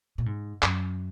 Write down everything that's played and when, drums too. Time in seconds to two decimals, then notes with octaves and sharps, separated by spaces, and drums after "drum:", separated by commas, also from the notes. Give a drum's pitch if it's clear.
0.18 A#2
0.26 G#2
0.62 F#2, drum: clap